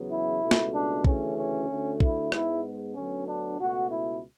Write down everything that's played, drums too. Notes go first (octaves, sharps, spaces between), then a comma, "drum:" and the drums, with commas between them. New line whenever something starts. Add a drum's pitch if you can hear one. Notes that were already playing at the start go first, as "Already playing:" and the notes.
Already playing: E2 C#3 F#3 B3
E4
C#2 B2 A3
drum: snare
D4
D2 C#3 E3 A3 C#4, drum: kick
C#4
D2 D3 A3
E4, drum: kick
G#2 G#3 B3 E4, drum: rim click
D2 D3 F#3 B3 C#4
D4
C#2 B2 A3 F#4
E4